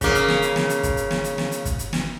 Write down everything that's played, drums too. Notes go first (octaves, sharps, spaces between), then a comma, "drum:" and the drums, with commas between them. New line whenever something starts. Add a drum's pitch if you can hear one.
C#3 A#3, drum: kick, hi-hat
drum: hi-hat
drum: snare
drum: hi-hat
drum: snare
drum: hi-hat
drum: kick, hi-hat
drum: hi-hat
drum: snare
drum: hi-hat
drum: snare
drum: hi-hat
drum: kick, hi-hat
drum: hi-hat
drum: snare